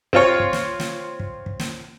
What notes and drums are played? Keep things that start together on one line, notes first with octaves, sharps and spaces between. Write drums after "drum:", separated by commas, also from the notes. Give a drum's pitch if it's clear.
C4 F4 C#5, drum: kick
drum: kick
drum: snare
drum: snare
drum: kick
drum: kick
drum: snare